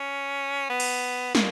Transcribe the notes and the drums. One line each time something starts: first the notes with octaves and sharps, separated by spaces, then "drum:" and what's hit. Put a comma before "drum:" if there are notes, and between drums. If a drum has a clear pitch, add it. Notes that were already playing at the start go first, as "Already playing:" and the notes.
Already playing: C#4
B3
drum: cymbal
A#3, drum: snare